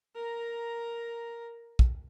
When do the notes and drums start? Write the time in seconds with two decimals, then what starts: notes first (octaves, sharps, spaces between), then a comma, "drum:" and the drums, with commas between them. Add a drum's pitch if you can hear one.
0.16 A#4 A#5
1.79 drum: kick